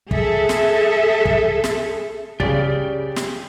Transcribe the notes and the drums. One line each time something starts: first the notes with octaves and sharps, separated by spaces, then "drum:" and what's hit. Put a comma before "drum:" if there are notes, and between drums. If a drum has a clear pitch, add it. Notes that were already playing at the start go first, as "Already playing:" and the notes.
G#4 A4 E5, drum: kick
drum: snare
drum: kick
drum: snare
C#3 G4 D5 A6, drum: kick
drum: snare